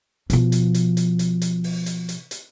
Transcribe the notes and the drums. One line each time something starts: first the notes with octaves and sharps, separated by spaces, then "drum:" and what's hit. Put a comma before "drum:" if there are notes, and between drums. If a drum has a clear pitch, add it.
B2 F3, drum: hi-hat
drum: hi-hat
drum: hi-hat
drum: hi-hat
drum: hi-hat
drum: hi-hat
drum: open hi-hat
drum: hi-hat
drum: hi-hat
drum: hi-hat